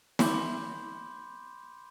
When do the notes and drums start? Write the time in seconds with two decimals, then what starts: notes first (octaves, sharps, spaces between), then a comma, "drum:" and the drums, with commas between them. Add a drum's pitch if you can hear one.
0.19 B5 C6 D6 G6, drum: snare